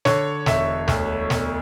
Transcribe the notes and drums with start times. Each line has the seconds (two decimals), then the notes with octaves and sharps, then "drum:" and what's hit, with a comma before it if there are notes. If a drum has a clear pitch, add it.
0.05 D3 C#5, drum: snare
0.46 E1 E5, drum: snare
0.88 D2, drum: snare
1.30 E1, drum: snare